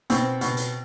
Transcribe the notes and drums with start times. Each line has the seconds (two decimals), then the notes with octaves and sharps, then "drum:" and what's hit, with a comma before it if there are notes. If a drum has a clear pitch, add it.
0.10 B2 C4, drum: hi-hat
0.41 B2, drum: hi-hat
0.57 drum: hi-hat